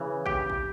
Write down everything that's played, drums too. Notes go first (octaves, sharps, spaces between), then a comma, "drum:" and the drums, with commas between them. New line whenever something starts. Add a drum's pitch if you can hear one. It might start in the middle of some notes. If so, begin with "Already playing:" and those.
Already playing: C#3 E3
G4 G5, drum: kick
drum: kick